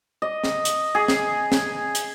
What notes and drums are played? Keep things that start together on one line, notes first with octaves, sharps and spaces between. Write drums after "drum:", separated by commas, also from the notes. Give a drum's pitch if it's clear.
D#5
drum: snare
drum: hi-hat
G#4
drum: snare
drum: snare
drum: hi-hat